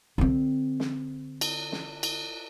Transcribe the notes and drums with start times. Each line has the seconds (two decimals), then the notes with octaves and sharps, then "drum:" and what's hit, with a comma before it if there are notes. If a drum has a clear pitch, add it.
0.18 D3 C4
0.80 drum: snare
1.41 drum: cymbal
1.72 drum: snare
2.03 drum: cymbal